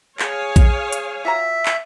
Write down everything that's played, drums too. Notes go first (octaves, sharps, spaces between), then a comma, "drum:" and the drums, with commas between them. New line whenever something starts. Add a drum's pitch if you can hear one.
G#4 C#5 F5 G#5, drum: clap
drum: kick A#1, hi-hat
drum: hi-hat
F4 F#4 E5 A#5
drum: clap